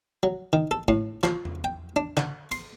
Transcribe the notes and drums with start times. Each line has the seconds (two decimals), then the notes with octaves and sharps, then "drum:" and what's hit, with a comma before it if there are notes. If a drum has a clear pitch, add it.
0.23 F#3
0.53 D#3
0.71 A4
0.88 A2, drum: kick
1.23 F3, drum: clap
1.45 drum: tom E2
1.64 G5
1.96 D4
2.17 D3, drum: clap
2.52 C6, drum: cymbal